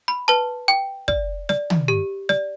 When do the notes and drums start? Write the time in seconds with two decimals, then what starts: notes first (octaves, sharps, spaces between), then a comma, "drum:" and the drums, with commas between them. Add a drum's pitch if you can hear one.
0.08 B5
0.28 B4 A5
0.68 G5
1.08 D5, drum: kick
1.49 D5, drum: snare
1.70 drum: tom
1.88 G4
2.29 D5, drum: snare